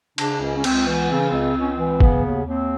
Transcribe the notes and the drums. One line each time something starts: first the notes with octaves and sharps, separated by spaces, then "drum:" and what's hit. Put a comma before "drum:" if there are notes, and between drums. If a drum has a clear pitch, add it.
C#3 D4, drum: cymbal
C#2 C#4
C#4
C#2 C4, drum: cymbal
E3 B3
C#3 C4
C#4
C4
C#2
C4
C#2 C#4
C4
E3
C#3 B3, drum: kick
D#2
D#2 C4